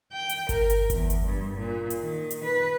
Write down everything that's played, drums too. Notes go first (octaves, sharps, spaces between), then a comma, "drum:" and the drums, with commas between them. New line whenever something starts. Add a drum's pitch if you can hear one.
G5
drum: hi-hat
A#4, drum: kick G1, hi-hat
drum: hi-hat
E2, drum: kick G1, hi-hat
drum: hi-hat
G2
A#2
drum: hi-hat
D#3
drum: hi-hat
B4